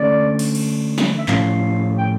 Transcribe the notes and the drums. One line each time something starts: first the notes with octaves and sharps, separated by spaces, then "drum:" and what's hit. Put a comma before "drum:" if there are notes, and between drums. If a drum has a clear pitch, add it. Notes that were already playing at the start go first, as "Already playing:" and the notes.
Already playing: D3 A3 C#4 D5
drum: open hi-hat
drum: cymbal
drum: snare
E5
A2 F3 C#4 F5, drum: clap
G5